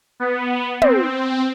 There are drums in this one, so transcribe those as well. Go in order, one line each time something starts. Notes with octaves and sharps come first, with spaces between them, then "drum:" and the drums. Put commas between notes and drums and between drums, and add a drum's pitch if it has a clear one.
B3
C4, drum: tom